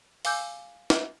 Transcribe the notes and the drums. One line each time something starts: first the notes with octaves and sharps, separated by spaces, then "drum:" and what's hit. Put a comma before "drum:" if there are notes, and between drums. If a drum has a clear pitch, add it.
F5 G#5 D6 E6 G6, drum: open hi-hat
drum: snare